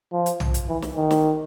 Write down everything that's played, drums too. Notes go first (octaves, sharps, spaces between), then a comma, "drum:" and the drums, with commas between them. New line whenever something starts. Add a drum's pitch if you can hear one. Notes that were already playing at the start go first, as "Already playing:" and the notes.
F3
drum: hi-hat
drum: tom
drum: hi-hat
E3
drum: snare
D#3
drum: snare